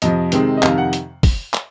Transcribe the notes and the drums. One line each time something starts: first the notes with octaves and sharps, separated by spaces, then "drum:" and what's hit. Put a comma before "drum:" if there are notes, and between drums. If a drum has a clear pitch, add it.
F2 C3 F3 D#5, drum: hi-hat
C3 D#3 G#3 C4 D#4, drum: hi-hat
D#5
F2 C3 D#3 F5, drum: clap
F#5
drum: hi-hat
drum: kick, open hi-hat
drum: clap